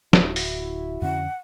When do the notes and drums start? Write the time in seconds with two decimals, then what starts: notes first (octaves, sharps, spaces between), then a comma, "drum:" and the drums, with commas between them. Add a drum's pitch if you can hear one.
0.13 D1 E4 F#4, drum: snare
0.36 drum: open hi-hat
1.02 F2 D3 C#4 F#5